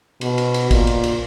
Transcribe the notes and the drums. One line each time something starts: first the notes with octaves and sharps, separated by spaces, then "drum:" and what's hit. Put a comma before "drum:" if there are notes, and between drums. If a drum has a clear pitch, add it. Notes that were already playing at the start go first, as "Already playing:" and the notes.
B2, drum: cymbal
drum: cymbal
drum: cymbal
A#2, drum: kick, cymbal
drum: cymbal
drum: cymbal